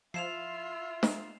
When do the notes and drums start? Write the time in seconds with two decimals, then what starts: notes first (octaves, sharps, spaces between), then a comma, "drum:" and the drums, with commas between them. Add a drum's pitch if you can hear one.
0.14 F3 E4 F4 E5 C7 E7 F7
1.03 drum: snare